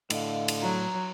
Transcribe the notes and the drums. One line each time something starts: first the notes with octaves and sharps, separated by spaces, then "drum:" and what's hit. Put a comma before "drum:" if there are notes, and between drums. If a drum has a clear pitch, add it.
A2 D3 D#5 F5, drum: cymbal
drum: cymbal
F#3 A#5